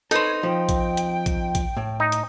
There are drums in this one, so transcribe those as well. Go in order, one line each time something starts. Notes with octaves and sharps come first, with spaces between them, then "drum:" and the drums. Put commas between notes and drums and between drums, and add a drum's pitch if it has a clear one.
C4 D#4 A4 B4 C#5, drum: hi-hat
F3 G5
drum: kick A#1, hi-hat
drum: hi-hat
drum: kick A#1, hi-hat
drum: kick A#1, hi-hat
A2
D#4
drum: hi-hat